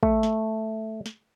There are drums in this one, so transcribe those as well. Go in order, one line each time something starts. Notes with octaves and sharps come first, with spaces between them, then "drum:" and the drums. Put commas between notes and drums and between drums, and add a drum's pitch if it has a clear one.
A3, drum: kick
drum: snare
drum: snare